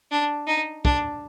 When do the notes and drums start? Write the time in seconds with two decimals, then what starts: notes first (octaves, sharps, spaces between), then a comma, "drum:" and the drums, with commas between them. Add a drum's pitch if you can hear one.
0.11 D4
0.48 D#4
0.85 D4, drum: kick